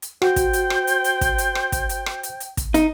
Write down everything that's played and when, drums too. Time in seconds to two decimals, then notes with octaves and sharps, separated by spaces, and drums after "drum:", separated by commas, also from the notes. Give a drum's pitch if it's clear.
0.02 drum: hi-hat
0.22 F#4 C5 G5, drum: rim click
0.36 drum: kick, hi-hat
0.53 drum: hi-hat
0.70 drum: rim click
0.87 drum: hi-hat
1.04 drum: hi-hat
1.21 drum: kick, hi-hat
1.38 drum: hi-hat
1.55 drum: rim click
1.72 drum: kick, hi-hat
1.89 drum: hi-hat
2.06 drum: rim click
2.23 drum: hi-hat
2.40 drum: hi-hat
2.57 drum: kick, hi-hat
2.74 D#4, drum: hi-hat